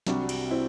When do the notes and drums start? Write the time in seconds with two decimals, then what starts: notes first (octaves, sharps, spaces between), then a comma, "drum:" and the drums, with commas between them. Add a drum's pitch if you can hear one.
0.07 C2 C3 G3 D4 F#4, drum: snare
0.29 drum: cymbal
0.51 C4 E4